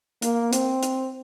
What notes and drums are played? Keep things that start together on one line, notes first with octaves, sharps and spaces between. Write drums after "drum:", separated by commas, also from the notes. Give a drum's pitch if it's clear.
A#3, drum: hi-hat
C4, drum: hi-hat
drum: hi-hat